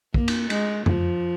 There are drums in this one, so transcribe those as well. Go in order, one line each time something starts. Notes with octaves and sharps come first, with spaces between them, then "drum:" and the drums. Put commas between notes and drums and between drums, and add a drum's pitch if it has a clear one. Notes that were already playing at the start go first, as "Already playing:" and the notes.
A#3, drum: kick
drum: cymbal
G#3, drum: cymbal
F3, drum: tom F2